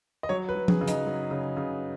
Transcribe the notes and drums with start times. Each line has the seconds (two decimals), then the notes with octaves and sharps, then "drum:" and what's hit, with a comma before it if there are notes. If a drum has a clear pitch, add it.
0.23 D#5
0.29 F#3 C#5
0.49 B4
0.55 F#3
0.68 G#4, drum: tom F3
0.81 C#3
0.88 D#4, drum: hi-hat
1.06 F#3
1.31 C#3
1.57 C#3